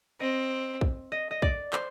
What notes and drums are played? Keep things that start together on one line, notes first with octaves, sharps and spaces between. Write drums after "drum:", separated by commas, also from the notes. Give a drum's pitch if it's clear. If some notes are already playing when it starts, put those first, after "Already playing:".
C4 D#5
drum: kick
D#5
D#5
D5, drum: kick
C5, drum: clap